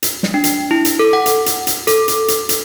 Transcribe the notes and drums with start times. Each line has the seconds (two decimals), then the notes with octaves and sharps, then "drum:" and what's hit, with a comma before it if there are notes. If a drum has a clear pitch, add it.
0.03 drum: hi-hat
0.23 drum: snare
0.34 D4
0.44 drum: hi-hat
0.71 E4
0.85 drum: hi-hat
0.99 A4
1.13 F#5
1.26 drum: hi-hat
1.46 drum: hi-hat
1.67 drum: hi-hat
1.87 A4, drum: hi-hat
2.08 drum: hi-hat
2.28 drum: hi-hat
2.49 drum: hi-hat